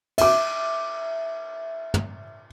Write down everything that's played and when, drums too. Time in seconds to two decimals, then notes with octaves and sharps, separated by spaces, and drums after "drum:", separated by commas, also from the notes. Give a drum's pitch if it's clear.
0.18 E5 D6, drum: cymbal
1.94 drum: tom